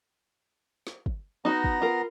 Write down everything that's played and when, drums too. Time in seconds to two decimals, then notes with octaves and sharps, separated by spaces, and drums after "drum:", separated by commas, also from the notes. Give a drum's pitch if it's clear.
0.87 drum: snare
1.06 drum: kick
1.45 B3 D#4 F#4 A#5
1.64 drum: kick
1.82 F4 A#4